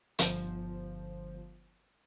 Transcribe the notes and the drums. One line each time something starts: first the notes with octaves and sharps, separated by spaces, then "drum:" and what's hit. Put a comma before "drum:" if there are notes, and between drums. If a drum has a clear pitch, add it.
G1 F3 C5, drum: hi-hat